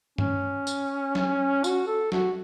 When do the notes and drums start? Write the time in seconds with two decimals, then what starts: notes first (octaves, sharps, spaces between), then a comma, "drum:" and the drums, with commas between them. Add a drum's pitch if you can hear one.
0.18 C#4, drum: tom G2
0.67 drum: tambourine
1.15 drum: snare
1.64 F#4, drum: tambourine
1.87 A4
2.12 F#4, drum: snare